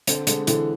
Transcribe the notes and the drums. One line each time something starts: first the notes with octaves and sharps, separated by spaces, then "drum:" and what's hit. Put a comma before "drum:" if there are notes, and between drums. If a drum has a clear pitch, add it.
D3 C4, drum: hi-hat
D3 G#3, drum: hi-hat
D3 E3, drum: hi-hat